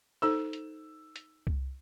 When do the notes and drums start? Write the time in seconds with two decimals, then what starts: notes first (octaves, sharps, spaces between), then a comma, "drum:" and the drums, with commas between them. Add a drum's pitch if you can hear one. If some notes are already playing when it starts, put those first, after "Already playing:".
0.22 D#4 A4 C5 E6
0.53 drum: hi-hat
1.16 drum: hi-hat
1.47 drum: kick C2